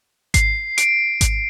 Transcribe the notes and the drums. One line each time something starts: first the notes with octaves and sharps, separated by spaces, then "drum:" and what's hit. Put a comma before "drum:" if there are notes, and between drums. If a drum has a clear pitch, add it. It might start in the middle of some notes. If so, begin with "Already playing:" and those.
C7, drum: kick G#1, hi-hat
D7, drum: hi-hat
drum: kick G#1, hi-hat